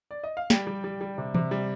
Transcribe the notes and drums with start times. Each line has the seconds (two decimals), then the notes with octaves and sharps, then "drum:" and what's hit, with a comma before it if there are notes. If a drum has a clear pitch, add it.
0.11 D5
0.24 D#5
0.37 F5
0.50 G3 G5, drum: snare
0.67 G3
0.84 G3
1.01 G3
1.18 C3
1.34 C3, drum: tom E3
1.51 G3